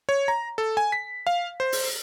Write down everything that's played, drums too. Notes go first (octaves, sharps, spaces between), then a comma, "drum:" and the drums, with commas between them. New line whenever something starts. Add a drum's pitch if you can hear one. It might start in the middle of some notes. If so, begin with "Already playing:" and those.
C#5
A#5
A4
G#5
B6
F5
C5
drum: open hi-hat